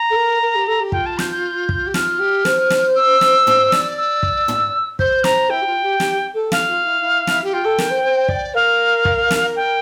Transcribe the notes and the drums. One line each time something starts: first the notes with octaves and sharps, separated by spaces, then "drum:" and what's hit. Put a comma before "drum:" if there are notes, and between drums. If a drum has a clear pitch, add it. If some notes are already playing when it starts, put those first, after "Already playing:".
Already playing: A#5
A4
A#4
A#4
G4
A4
G4
F4 G5, drum: kick
A5
G6, drum: snare
G6
drum: kick
G4
F4 F6, drum: snare
G4
C5, drum: snare
drum: snare
E6
drum: snare
C5, drum: tom
D5, drum: snare
E6
drum: kick
drum: tom
C5 G6, drum: kick
C5 A#5, drum: snare
E4 G5
G4
F4
G4
G4, drum: snare
A4
F5, drum: snare
F4
E4
E4
E4, drum: snare
G4
F4 G5
A4
A#4, drum: snare
C5
C5
D5, drum: kick
A#4 F5
drum: kick
drum: snare
G5